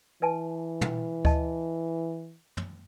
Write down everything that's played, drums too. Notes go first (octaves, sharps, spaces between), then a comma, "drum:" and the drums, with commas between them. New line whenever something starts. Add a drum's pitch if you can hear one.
E3 B4 G#5 A5
drum: tom
D#5 A5, drum: kick D2
drum: tom